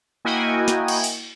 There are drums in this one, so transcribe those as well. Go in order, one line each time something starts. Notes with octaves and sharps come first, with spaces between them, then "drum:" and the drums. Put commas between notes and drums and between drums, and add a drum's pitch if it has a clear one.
A#3 E4 F#4 D#5 G5 G#5
drum: snare
drum: cymbal
drum: open hi-hat